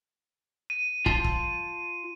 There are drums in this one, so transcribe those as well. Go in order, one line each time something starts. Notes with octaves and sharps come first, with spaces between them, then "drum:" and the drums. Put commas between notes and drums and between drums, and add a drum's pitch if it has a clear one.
D#7
F4 A5, drum: kick
drum: kick